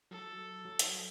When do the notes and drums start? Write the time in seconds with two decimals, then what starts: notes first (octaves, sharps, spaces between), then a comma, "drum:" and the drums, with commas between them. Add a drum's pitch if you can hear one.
0.11 F#3 A4
0.65 F#3
0.79 drum: hi-hat